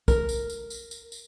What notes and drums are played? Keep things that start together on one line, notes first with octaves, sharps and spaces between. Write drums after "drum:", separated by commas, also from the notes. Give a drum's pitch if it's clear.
A#4, drum: kick, tambourine
drum: tambourine
drum: tambourine
drum: tambourine
drum: tambourine
drum: tambourine